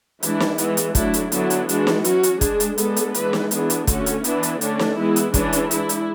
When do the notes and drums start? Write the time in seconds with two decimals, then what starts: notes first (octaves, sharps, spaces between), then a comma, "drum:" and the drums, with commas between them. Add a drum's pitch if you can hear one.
0.23 E3 G#3 D4 E4, drum: hi-hat
0.40 drum: snare
0.58 E3 G#3 B3, drum: hi-hat
0.77 drum: hi-hat
0.95 F#3 A3 D4 E4, drum: kick, hi-hat
1.14 drum: hi-hat
1.32 D3 F#3 B3 D4 E4, drum: hi-hat
1.50 drum: hi-hat
1.69 E3 G#3 D4 F#4, drum: hi-hat
1.87 drum: snare
2.04 F#3 C#4 F#4, drum: hi-hat
2.23 drum: hi-hat
2.41 G#3 D4 G#4, drum: kick, hi-hat
2.60 drum: hi-hat
2.78 G#3 B3 D4 A4, drum: hi-hat
2.97 drum: hi-hat
3.14 E3 G#3 B3 D4 B4, drum: hi-hat
3.33 drum: snare
3.51 E3 B3 D4 G#4, drum: hi-hat
3.70 drum: hi-hat
3.87 D3 A3 C#4 F#4, drum: kick, hi-hat
4.06 drum: hi-hat
4.24 E3 B3 D4 E4, drum: hi-hat
4.43 drum: hi-hat
4.61 D3 A3 C#4 D4, drum: hi-hat
4.79 drum: snare
4.98 E3 G#3 B3 E4
5.16 drum: hi-hat
5.34 E3 G#3 C#4 D4, drum: kick, hi-hat
5.53 drum: hi-hat
5.71 G#3 E4, drum: hi-hat
5.76 D4
5.89 drum: hi-hat